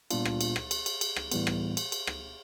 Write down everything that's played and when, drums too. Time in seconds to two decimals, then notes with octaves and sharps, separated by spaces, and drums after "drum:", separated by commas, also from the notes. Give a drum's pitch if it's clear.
0.11 A#2 G3 B3 D4 F4, drum: cymbal
0.25 drum: rim click
0.41 drum: cymbal
0.56 drum: rim click
0.71 drum: cymbal
0.86 drum: cymbal
1.01 drum: cymbal
1.16 drum: rim click
1.32 A2 E3 G3 B3, drum: cymbal
1.47 drum: rim click
1.77 drum: cymbal
1.92 drum: cymbal
2.07 drum: rim click